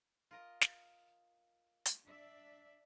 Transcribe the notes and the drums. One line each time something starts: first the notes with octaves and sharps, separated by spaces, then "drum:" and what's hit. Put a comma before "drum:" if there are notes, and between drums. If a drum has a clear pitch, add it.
F4 A#4 D#5
drum: snare
drum: hi-hat
D4 D5 E5